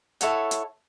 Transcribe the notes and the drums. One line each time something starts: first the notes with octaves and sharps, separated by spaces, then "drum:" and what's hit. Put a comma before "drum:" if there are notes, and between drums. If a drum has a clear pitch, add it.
E4 A4 C#5 F#5, drum: hi-hat
drum: hi-hat